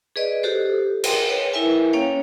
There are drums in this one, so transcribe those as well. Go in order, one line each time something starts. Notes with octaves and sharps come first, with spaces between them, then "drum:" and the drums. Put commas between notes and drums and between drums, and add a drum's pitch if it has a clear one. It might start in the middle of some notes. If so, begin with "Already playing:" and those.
G#4 B4 D5 D#5
F#4 G4 A4 C5
A#4 G5 C6, drum: cymbal
B4 C#5 G5
E4 A#4 B4 E5 G#5
A#3 C#4 C#5 F5 G5